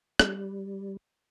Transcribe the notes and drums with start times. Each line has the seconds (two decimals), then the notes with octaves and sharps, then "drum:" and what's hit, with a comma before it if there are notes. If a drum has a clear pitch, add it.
0.19 G3, drum: rim click